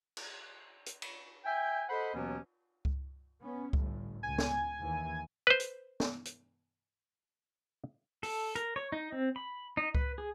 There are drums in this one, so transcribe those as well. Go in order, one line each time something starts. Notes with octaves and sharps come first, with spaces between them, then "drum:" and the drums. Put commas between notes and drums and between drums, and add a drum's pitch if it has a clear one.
drum: cymbal
drum: hi-hat
drum: cymbal
E5 G5 G#5
A4 C5 D#5 F#5 B5
D#2 B2 E3 F#3 B3 C#4
drum: kick C#2
B3 C#4
G1 A2, drum: kick C#2
C#2 G#5
drum: snare
D#2 E3
B4 C5
drum: hi-hat
drum: snare
drum: hi-hat
A4, drum: open hi-hat
A#4, drum: hi-hat
C#5
D#4
C4
B5
D#4
B4, drum: kick C#2
G#4